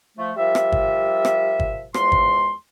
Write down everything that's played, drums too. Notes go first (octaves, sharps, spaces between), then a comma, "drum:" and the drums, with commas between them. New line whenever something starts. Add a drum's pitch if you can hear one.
F3 A3
F3 G3 A#4 E5
drum: rim click
drum: kick G1
drum: rim click
drum: kick G1
E2 F3 G#3 C6, drum: rim click
drum: kick G1